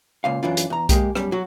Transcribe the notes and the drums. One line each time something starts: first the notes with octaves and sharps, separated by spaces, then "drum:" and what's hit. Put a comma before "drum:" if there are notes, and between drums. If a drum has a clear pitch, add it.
C#2 A#2 F5
F#2 E3 D4 F4
drum: hi-hat
E2 A#5
G#3 A#3 G4, drum: kick B1, hi-hat
F#2 G3, drum: rim click
F#3 F#4